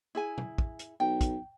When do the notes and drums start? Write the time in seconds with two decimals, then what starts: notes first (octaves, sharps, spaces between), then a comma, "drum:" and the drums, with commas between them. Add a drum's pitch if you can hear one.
0.15 E4 G#4 G#5
0.38 drum: tom
0.58 drum: kick
0.79 drum: hi-hat
1.00 B1 G5
1.21 drum: kick, hi-hat